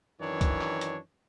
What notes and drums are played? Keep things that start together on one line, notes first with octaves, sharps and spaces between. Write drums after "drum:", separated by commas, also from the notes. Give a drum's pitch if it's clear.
F#2 D#3 E3 D4 C#5
drum: kick C2, hi-hat
drum: clap
drum: hi-hat